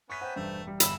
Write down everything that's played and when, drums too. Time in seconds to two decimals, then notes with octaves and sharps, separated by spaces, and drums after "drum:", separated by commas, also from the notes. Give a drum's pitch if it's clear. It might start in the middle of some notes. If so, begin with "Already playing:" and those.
0.10 B3 C#4 E5 C#6 B6
0.21 C5 F#5 G5 A#5
0.36 E1 G2 A3 E5
0.67 G3
0.80 G1 E3 B3 B5 E6, drum: hi-hat